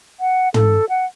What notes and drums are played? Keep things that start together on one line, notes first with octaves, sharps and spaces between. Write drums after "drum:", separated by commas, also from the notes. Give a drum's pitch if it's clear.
F#5
A4, drum: tom
F#5